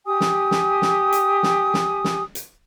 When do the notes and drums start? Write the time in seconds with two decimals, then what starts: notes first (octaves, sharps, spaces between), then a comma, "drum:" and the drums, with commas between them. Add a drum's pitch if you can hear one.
0.05 G4 G#5 D#6
0.21 drum: snare
0.51 drum: snare
0.82 drum: snare
1.12 drum: hi-hat
1.43 drum: snare
1.74 drum: snare
2.04 drum: snare
2.35 drum: hi-hat